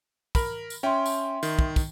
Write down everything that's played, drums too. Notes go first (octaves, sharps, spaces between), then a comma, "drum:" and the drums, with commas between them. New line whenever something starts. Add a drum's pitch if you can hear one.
A#4 B5, drum: kick, tambourine
drum: tambourine
C#4 E5 G5 C6
drum: tambourine
D#3, drum: tambourine
drum: kick
drum: kick, tambourine